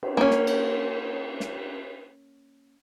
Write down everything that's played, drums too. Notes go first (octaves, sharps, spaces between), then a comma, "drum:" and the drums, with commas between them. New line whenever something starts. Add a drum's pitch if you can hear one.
drum: cymbal
A#3 C#4
drum: snare
drum: cymbal
drum: snare